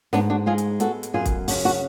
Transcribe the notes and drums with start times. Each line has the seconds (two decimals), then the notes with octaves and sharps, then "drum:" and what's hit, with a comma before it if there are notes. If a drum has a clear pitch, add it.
0.13 G#2 B3 D4, drum: snare
0.30 D4 F#4
0.46 G#3 F4 G#4
0.58 drum: hi-hat
0.80 B3 F#4 A4, drum: hi-hat
1.03 drum: hi-hat
1.14 F#2 F4 G#4
1.25 drum: kick, hi-hat
1.48 C#3 D4 F#4, drum: open hi-hat
1.65 D4 F#4